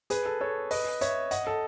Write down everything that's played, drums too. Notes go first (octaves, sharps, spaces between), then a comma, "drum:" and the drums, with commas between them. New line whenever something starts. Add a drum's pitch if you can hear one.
G#4 B4, drum: hi-hat
A4
A4 C#5
B4 D#5, drum: open hi-hat
C#5 E5, drum: hi-hat
D#5 F#5, drum: hi-hat
A4